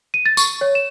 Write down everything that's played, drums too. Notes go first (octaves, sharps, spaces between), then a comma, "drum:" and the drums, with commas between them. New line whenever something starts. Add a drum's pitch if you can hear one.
D#7
A6
C#6, drum: tambourine
C#5
E7